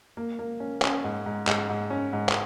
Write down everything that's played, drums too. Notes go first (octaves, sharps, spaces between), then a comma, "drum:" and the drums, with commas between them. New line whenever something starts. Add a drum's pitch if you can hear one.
A#3
A#3
C#4
C#4, drum: clap
G#2
G#2
G#2, drum: clap
G#2
C#4
G#2
drum: clap